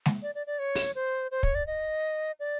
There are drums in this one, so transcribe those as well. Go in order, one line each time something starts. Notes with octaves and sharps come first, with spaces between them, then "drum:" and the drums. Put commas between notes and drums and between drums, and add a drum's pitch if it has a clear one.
drum: snare G#3
D5
D5
D5
C#5
drum: open hi-hat
C5
C5
C#5, drum: kick
D5
D#5
D5